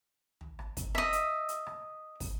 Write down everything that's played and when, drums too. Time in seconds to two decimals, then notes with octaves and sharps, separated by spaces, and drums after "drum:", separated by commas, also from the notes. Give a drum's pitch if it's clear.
0.41 drum: tom
0.59 drum: rim click
0.77 drum: kick, hi-hat
0.95 D#5 E5, drum: rim click
1.13 drum: hi-hat
1.49 drum: hi-hat
1.66 drum: rim click
2.20 drum: kick, open hi-hat